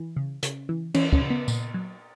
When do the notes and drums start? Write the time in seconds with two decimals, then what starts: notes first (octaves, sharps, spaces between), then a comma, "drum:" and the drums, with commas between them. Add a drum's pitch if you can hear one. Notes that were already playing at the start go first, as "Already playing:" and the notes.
Already playing: E3
0.16 C#3
0.43 C#3, drum: hi-hat
0.69 E3
0.94 E3 C#4, drum: cymbal
1.13 C#4, drum: kick
1.21 C#3
1.30 B3
1.48 A#2, drum: tambourine
1.74 F#3